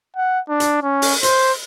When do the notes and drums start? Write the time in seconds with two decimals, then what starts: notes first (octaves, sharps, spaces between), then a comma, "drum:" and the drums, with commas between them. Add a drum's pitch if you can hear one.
0.16 F#5
0.49 D4
0.60 drum: hi-hat
0.83 C#4
1.02 drum: open hi-hat
1.23 C5, drum: hi-hat